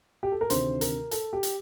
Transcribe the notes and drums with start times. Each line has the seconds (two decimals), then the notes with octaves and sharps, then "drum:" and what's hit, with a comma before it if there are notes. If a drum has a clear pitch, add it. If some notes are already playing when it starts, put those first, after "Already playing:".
0.23 G4
0.32 A4
0.41 A#4
0.50 D2 C3 D#3 C5, drum: hi-hat
0.81 A#4, drum: hi-hat
1.11 A4, drum: hi-hat
1.33 G4
1.43 drum: hi-hat